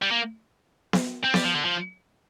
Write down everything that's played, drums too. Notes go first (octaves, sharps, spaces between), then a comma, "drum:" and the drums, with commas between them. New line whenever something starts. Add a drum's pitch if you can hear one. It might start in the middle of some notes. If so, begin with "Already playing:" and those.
G3
A#3
drum: snare B3
C4
G3, drum: snare B3
F3
D3
F3